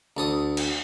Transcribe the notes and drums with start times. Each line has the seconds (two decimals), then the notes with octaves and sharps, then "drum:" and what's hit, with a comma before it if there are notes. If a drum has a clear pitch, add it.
0.17 D2 A4 D#6
0.57 drum: cymbal